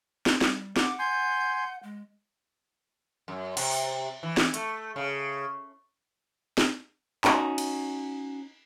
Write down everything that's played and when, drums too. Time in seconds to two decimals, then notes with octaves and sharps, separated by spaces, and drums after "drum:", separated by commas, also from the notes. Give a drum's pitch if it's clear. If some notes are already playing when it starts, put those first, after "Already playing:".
0.26 drum: snare
0.41 G3, drum: snare
0.76 F#5 D6, drum: snare
0.99 G#5 C6 G6
1.83 G#3
3.28 F#2
3.57 C3, drum: cymbal
3.71 drum: open hi-hat
4.23 E3
4.37 drum: snare
4.54 A3, drum: hi-hat
4.96 C#3
6.58 drum: snare
7.24 C#4 D#4 F#4, drum: clap
7.58 drum: cymbal